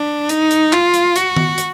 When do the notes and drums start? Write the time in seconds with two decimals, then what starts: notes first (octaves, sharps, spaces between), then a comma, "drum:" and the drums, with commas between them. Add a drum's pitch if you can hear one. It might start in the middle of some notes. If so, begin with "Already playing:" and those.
Already playing: D4
0.29 D#4, drum: hi-hat
0.51 drum: hi-hat
0.73 F4, drum: clap
0.94 drum: hi-hat
1.16 F#4, drum: hi-hat
1.36 drum: tom D#3
1.58 drum: hi-hat